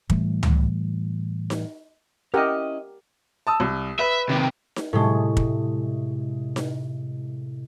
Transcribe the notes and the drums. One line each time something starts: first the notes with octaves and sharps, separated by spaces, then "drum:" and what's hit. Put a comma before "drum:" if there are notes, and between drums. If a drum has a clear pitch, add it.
A2 E3 G3 A3, drum: kick
drum: tom C#2
drum: snare D#4
C#4 E4 G4 A#4 D#5 F#5
A5 D#6 E6
C2
B4 E5
C3 D#3
drum: snare D#4
A2 C3 G#3
drum: kick
drum: snare D#4